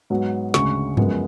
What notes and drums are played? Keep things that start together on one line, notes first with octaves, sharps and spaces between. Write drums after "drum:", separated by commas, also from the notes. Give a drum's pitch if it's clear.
G#2 F#3 B3
D2 C#3 G#3 C#6, drum: snare
F#2 F3 G#3 B3, drum: tom G2